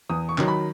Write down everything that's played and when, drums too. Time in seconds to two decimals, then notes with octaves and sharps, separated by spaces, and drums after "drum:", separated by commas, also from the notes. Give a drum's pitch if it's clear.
0.09 E2 D#6
0.29 C#6
0.38 D#3 F#3, drum: clap
0.48 B5